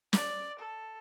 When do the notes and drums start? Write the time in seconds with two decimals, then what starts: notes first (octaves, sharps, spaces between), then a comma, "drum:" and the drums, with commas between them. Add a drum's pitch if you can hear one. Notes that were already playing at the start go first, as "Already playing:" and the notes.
0.13 D5, drum: snare
0.59 A4